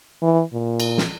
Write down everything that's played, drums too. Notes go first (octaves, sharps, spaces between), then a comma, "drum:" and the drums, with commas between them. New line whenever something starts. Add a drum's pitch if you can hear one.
E3
A#2
drum: cymbal
drum: snare